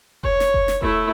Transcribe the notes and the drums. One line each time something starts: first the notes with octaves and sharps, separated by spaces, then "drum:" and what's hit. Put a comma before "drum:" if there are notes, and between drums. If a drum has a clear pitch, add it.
C#5, drum: kick F1
drum: snare
drum: kick F1
drum: snare
A3 E4, drum: kick F1